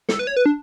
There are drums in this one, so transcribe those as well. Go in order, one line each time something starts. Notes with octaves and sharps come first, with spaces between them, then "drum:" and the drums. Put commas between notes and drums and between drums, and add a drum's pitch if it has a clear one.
A4, drum: snare
B4
C#5
B4
D4